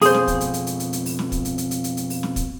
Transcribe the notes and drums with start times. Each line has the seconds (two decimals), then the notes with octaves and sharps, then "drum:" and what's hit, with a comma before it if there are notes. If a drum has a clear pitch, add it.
0.01 F2 B2 G#4 C5, drum: open hi-hat
0.14 drum: snare
0.28 drum: kick, hi-hat
0.41 drum: hi-hat
0.54 drum: hi-hat
0.67 drum: hi-hat
0.80 drum: hi-hat
0.93 drum: hi-hat
1.06 drum: open hi-hat
1.19 drum: snare
1.32 drum: kick, hi-hat
1.45 drum: hi-hat
1.58 drum: hi-hat
1.71 drum: hi-hat
1.84 drum: hi-hat
1.97 drum: hi-hat
2.10 drum: open hi-hat
2.23 drum: snare
2.36 drum: kick, hi-hat